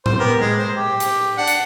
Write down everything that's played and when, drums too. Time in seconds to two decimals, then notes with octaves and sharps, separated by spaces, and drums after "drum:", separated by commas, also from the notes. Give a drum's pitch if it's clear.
0.06 C5, drum: tom A2
0.19 B3 G4 A#4
0.39 G#3
0.58 C5
0.75 G4
1.00 drum: hi-hat
1.38 D4 F#5
1.48 drum: hi-hat